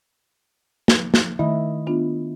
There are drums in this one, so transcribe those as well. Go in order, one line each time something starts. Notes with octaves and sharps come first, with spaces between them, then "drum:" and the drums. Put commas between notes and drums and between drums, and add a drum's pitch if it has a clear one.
drum: snare
drum: snare
D#3 A3 E4 D#5 B5
B3 D4 F4